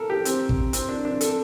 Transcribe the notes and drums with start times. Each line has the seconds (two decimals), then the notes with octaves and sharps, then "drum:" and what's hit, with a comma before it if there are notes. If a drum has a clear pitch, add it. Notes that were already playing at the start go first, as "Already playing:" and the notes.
Already playing: A4 A#4
0.10 G4
0.25 C4, drum: hi-hat
0.49 drum: kick
0.73 C4, drum: hi-hat
0.89 D4
1.05 D4
1.21 A4, drum: hi-hat